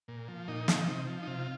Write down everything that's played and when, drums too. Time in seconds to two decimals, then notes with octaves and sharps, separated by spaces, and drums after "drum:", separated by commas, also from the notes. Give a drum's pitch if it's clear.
0.08 A#2
0.28 F3
0.48 A#2 D#4
0.68 F3, drum: snare
0.88 C3
1.07 F3
1.23 D#4
1.27 C3 F4